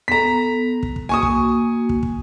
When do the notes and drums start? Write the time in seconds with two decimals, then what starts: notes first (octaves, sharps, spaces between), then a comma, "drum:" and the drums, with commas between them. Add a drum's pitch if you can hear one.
0.08 B3 A4 A#5 B6
0.83 drum: kick
0.96 drum: kick
1.09 A#3 F#4 G#5 C#6 D#6
1.23 drum: kick
1.89 drum: kick
2.03 drum: kick